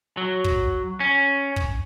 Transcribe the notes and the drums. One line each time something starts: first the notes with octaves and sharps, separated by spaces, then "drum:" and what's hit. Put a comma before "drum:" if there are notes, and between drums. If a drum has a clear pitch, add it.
F#3
drum: kick
C#4
drum: kick